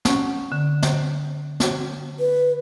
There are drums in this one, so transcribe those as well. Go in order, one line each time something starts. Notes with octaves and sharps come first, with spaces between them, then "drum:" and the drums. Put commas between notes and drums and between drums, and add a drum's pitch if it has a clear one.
C#4 F#5 C#6, drum: snare
D3
drum: snare
drum: snare
B4